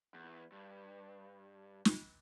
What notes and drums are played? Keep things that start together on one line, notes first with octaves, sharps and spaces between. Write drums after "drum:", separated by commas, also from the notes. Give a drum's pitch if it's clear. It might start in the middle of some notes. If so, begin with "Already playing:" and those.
E2
G2
drum: snare